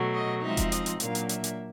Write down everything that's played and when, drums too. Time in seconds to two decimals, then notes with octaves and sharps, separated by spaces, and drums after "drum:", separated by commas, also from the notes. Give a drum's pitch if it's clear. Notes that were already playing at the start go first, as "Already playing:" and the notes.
Already playing: B2 F#3 A3
0.14 D#5
0.42 F3 G#3 C4 D#4 E5
0.57 drum: kick E1, hi-hat
0.72 D#5, drum: hi-hat
0.86 drum: hi-hat
1.00 A#2 F#3 A#3 D4 F5, drum: hi-hat
1.15 drum: hi-hat
1.29 E5, drum: hi-hat
1.44 drum: hi-hat